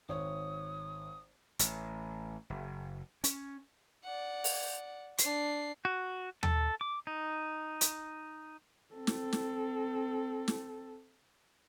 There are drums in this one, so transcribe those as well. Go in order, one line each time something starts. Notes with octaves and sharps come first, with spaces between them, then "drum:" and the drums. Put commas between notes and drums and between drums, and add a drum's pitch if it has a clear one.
G#1 C#5 D#6
A1, drum: hi-hat
F#1
C#4, drum: hi-hat
D5 F#5
drum: open hi-hat
D4 C7, drum: hi-hat
F#4
A4, drum: tom
D6
D#4
drum: hi-hat
C4 A4
drum: snare
drum: snare
drum: snare